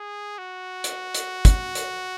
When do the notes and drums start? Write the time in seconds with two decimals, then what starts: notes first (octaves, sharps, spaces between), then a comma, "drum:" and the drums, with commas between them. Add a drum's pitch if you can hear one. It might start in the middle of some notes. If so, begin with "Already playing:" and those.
Already playing: G#4
0.38 F#4
0.84 drum: hi-hat
1.15 drum: hi-hat
1.45 drum: kick, hi-hat
1.75 drum: hi-hat